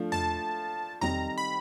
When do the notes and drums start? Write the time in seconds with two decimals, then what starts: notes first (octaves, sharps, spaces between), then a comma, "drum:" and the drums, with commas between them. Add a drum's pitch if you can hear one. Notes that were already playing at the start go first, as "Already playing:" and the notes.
Already playing: F3 A3 D4
0.12 A5, drum: tom E2
1.01 D#3 G3 C4 D#4 A#5, drum: tom E2
1.38 B5